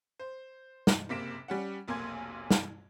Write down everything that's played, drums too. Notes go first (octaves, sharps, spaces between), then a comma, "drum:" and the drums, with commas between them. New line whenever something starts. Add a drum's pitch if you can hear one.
C5
drum: snare
F#1 C3 A#3 B6 D7 E7
G3 C#4 F#5
F1 B1 A#3 G#5 C6 G#6
drum: snare